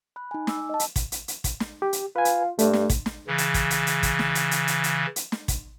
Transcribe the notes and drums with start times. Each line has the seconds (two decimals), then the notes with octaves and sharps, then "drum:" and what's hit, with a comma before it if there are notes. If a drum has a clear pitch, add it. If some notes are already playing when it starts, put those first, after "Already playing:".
0.16 B5 F#6
0.31 D#4 G#5
0.47 D6 E6, drum: snare
0.70 D#5 A5
0.80 drum: hi-hat
0.96 drum: kick, hi-hat
1.12 drum: hi-hat
1.28 drum: hi-hat
1.44 drum: kick, hi-hat
1.60 drum: snare
1.82 G4
1.93 drum: hi-hat
2.16 F4 B4 G#5
2.25 drum: hi-hat
2.59 G2 A3, drum: hi-hat
2.73 drum: snare
2.90 drum: kick, hi-hat
3.06 drum: snare
3.27 C#3 E3
3.38 drum: hi-hat
3.54 drum: kick, hi-hat
3.70 drum: hi-hat
3.87 drum: hi-hat
4.03 drum: kick, hi-hat
4.19 drum: snare
4.35 drum: hi-hat
4.51 drum: hi-hat
4.67 drum: hi-hat
4.84 drum: hi-hat
5.16 drum: hi-hat
5.32 drum: snare
5.48 drum: kick, hi-hat